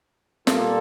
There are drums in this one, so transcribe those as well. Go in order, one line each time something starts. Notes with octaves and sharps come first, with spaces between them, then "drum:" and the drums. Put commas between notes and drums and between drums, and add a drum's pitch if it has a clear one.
A#2 G3 A#3 F4 A4, drum: snare